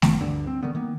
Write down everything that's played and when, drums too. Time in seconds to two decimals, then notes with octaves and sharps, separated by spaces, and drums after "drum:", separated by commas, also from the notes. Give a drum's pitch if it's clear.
0.02 F#1, drum: snare
0.21 D2 G2 D3
0.47 C4
0.63 D3 D#3 G3 B3
0.75 D#3 A#3 B3